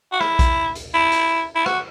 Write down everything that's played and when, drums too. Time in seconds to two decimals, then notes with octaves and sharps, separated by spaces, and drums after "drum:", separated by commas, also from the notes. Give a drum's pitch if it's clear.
0.12 F#4
0.21 E4, drum: rim click
0.39 drum: kick A#1, hi-hat
0.75 drum: hi-hat
0.94 E4
1.12 drum: hi-hat
1.55 E4
1.66 F#4, drum: rim click